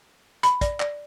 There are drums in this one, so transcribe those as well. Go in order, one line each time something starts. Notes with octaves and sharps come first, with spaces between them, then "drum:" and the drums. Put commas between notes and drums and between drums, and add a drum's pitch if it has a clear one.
B5, drum: hi-hat
D5, drum: kick, hi-hat
D5, drum: clap